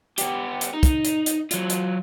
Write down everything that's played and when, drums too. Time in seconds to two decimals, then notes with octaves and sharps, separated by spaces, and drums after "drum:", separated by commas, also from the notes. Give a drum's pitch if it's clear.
0.18 B3 G4, drum: hi-hat
0.61 drum: hi-hat
0.73 D#4
0.83 drum: kick, hi-hat
1.05 drum: hi-hat
1.26 drum: hi-hat
1.51 F#3 F4, drum: hi-hat
1.70 drum: hi-hat